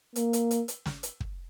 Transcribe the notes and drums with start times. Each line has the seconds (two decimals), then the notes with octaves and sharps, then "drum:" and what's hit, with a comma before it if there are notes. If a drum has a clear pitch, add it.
0.16 A#3, drum: hi-hat
0.33 drum: hi-hat
0.51 drum: hi-hat
0.68 drum: hi-hat
0.86 drum: snare
1.03 drum: hi-hat
1.20 drum: kick